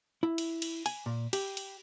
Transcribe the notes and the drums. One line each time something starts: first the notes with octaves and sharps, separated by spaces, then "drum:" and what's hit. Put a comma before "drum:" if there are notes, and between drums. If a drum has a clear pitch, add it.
E4
drum: cymbal
drum: cymbal
G#5, drum: cymbal
A#2
G4, drum: cymbal
drum: cymbal